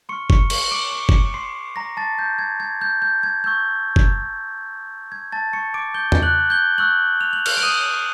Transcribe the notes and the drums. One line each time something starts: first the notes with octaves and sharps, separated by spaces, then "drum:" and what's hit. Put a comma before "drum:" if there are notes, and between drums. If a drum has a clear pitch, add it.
C6 C#6 F6 C#7
C#6 C#7, drum: kick F#1
C#6 C#7, drum: cymbal
D6 D7
C#6 C#7
drum: kick F#1
C6 C7
A#5 A#6
A5 A6
G6
G#6
G#6
G6
G6
G#6
C#6 E6 G6
drum: kick F#1
G#6
A5 A6
C#6 C#7
D6 D7
G6 G7
drum: tom E2
F#6 F#7
G6 G7
C#6 E6 F#6 G6 F#7
F7
F#7
F6 F7, drum: cymbal
D7
D#6 D#7